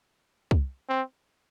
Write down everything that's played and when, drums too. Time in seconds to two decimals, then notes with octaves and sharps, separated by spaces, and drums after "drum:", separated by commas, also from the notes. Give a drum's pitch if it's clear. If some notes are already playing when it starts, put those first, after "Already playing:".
0.51 drum: kick
0.89 C4